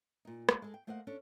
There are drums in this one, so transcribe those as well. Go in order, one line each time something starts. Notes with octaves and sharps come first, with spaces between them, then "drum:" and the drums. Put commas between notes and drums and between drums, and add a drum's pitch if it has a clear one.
A#2 D#4
G#3 A#3, drum: rim click
G#3 A4
G5
A3 A#3 C5 D#5 F5 F#5
C#4 D4 A4